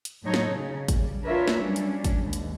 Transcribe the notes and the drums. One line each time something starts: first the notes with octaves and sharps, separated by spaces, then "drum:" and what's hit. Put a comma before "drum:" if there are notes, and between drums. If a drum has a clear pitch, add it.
drum: hi-hat
A2 F#3 D#4 A4 C#5
drum: snare
C#3
G3, drum: kick, hi-hat
D4 F4 A#4 B4 C#5 E5
drum: snare
F#3 G3 C#4 D4
drum: hi-hat
drum: kick, hi-hat
D#2 G#2
drum: hi-hat